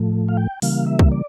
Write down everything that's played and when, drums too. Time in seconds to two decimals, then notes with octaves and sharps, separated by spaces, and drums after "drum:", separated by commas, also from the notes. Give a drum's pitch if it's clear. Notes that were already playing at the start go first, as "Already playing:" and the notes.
Already playing: A2 F3 A3
0.28 F5
0.37 G5
0.62 C#3 E3 G3 A#3 F5, drum: open hi-hat
0.86 E5
0.99 drum: kick
1.12 D5